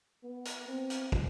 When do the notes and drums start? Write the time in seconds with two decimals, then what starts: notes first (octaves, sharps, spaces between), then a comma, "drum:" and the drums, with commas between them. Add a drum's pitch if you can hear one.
0.23 B3
0.45 drum: hi-hat
0.68 C4
0.90 drum: hi-hat
1.12 drum: kick